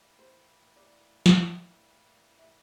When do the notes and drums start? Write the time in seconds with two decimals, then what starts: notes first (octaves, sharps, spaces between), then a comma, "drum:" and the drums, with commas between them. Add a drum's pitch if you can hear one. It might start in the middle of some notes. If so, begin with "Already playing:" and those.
Already playing: A2 E3 G3 A#3
0.19 C5
0.76 D5
1.26 drum: snare
2.39 E5